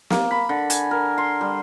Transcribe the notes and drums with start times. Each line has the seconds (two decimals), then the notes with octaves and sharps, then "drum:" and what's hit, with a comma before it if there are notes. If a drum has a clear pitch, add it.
0.10 A#3, drum: snare
0.31 B5
0.49 D3
0.70 G#5, drum: hi-hat
0.91 A#4
1.18 C6
1.41 G3